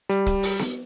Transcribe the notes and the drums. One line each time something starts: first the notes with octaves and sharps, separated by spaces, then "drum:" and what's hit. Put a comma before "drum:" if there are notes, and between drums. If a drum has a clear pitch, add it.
G3, drum: hi-hat
drum: kick, hi-hat
drum: open hi-hat
drum: snare B3